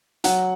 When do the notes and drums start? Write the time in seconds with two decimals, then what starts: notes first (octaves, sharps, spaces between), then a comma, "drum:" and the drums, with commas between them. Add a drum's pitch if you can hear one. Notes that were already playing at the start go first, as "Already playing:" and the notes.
0.24 F#3 F#5, drum: hi-hat